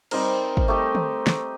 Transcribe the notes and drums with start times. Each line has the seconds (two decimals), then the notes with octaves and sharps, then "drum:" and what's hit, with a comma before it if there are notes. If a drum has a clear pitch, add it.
0.11 G3 C4 D#4 A#4 C5, drum: cymbal
0.57 drum: kick
0.68 A3 D#4 G4
0.95 drum: tom
1.27 drum: snare